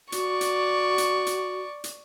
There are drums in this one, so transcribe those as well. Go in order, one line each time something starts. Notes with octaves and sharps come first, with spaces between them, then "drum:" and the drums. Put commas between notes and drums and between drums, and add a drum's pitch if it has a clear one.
F#4 D5 C#6, drum: hi-hat
drum: hi-hat
drum: hi-hat
drum: hi-hat
drum: hi-hat